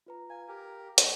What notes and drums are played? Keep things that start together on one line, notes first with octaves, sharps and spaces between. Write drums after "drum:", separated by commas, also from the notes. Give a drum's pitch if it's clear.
F4 B4 A#5
F5 G#5
G4 A#4
G#3 C#5, drum: hi-hat